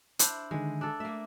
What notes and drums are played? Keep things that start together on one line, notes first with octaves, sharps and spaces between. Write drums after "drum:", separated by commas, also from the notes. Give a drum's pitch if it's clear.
D4 E4 C5, drum: hi-hat
D3 D#3 G#3
D4 A4
A3 A#3 E5